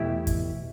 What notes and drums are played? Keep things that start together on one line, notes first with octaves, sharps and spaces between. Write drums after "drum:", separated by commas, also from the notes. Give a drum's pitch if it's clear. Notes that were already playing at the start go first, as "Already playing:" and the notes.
Already playing: E2 B2 A3 E4 G4
drum: kick, hi-hat